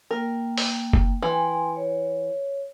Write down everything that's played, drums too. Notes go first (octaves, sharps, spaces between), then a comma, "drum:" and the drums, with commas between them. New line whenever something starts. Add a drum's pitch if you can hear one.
A#3 A#4 G5
drum: open hi-hat
drum: kick F#1
E3 G5 G#5 C6
C#5